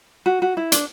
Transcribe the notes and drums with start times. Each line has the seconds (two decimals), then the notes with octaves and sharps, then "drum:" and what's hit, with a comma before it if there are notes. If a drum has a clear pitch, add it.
0.26 F#4
0.42 F#4
0.57 E4
0.72 D4, drum: hi-hat